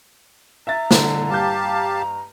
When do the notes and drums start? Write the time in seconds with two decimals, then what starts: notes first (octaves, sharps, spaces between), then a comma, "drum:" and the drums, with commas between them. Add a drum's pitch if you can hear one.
0.67 E5 A#5 A6
0.91 D3, drum: snare
1.30 G2 G4 F5 A5 G6